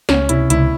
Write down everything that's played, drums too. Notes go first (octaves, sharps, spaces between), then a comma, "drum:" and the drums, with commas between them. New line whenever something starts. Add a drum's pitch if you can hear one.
C#2 C#4, drum: snare
C3 E4, drum: hi-hat
C#2 E4, drum: hi-hat